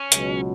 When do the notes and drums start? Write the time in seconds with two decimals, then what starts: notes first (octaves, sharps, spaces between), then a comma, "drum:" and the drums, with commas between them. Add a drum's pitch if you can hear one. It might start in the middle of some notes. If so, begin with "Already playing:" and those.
Already playing: C#4
0.12 C#2 B2 F#3, drum: hi-hat